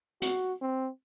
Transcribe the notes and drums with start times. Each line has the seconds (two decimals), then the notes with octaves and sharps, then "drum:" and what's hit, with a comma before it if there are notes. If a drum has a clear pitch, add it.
0.22 F#4, drum: hi-hat
0.62 C4